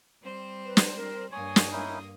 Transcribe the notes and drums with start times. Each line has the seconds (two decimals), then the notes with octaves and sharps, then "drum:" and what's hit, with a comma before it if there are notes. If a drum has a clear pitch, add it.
0.22 G3 C4 C5
0.65 B4
0.77 drum: snare
0.96 A#4
1.32 G2 A#3 C#5 G#5 D#6
1.56 drum: snare
1.72 C#4 D#4 E4